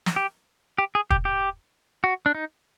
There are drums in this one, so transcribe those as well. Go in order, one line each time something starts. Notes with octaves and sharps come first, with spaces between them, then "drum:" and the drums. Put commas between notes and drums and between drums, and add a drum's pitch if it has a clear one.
drum: snare
G4
G4
G#4
G4, drum: kick
G4
F#4
D4
D#4